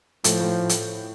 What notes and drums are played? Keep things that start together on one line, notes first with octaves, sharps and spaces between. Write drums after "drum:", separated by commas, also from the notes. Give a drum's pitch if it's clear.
A2 F3, drum: hi-hat
A2
drum: hi-hat